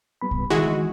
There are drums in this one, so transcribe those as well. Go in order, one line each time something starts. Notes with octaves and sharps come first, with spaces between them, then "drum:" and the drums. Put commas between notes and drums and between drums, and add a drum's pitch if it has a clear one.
G3 B3 B5
drum: kick B1
D#3 E3 G#3 E4 F#4, drum: snare A3